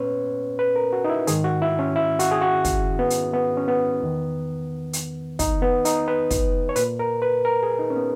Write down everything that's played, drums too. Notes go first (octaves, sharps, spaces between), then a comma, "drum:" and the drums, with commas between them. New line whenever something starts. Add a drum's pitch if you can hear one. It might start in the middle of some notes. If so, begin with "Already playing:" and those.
Already playing: A#2 B3 C#4 B4 C#5
B4
A#4
F#4
D#4
E4
G#2 D#3 G#4, drum: hi-hat
F#4
E4
C#4
E4
F#4, drum: hi-hat
G#4
F#4
drum: kick, hi-hat
B3
drum: hi-hat
B3
C#4
B3
E2 D#3
drum: hi-hat
D#4, drum: kick, hi-hat
B3
D#4, drum: hi-hat
B4
drum: kick, hi-hat
C#5
A#2 B4, drum: hi-hat
A#4
B4
A#4
G#4
D#4
C#4
B3